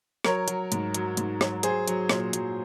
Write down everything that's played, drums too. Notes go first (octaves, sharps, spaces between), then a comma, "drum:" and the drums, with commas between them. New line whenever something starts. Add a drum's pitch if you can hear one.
F#3 A#4 C#5, drum: rim click
F#3, drum: hi-hat
G#2, drum: hi-hat
F#3, drum: hi-hat
G#2, drum: hi-hat
F#3, drum: rim click
F#3 G#4 C5, drum: hi-hat
F#3, drum: hi-hat
A#2, drum: rim click
F#3, drum: hi-hat